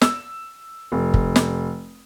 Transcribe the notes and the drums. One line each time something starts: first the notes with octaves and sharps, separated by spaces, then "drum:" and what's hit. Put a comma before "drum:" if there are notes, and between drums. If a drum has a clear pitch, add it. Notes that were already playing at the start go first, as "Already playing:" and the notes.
E6, drum: snare
F1
drum: kick
drum: snare